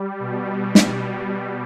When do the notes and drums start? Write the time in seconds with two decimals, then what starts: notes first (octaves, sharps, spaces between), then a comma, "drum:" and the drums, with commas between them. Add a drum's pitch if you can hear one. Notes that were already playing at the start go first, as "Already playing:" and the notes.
Already playing: G3
0.20 B2
0.75 drum: snare